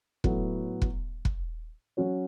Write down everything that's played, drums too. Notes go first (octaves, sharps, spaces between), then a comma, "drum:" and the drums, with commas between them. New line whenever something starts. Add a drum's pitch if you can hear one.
A2 F#3 B3, drum: kick
drum: kick
drum: kick
F#3 C#4 F#4 C#5